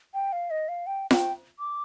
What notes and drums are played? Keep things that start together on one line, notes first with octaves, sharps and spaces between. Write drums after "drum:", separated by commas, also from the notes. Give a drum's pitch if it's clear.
G5
F5
D#5
F5
G5
G5, drum: snare F4
D6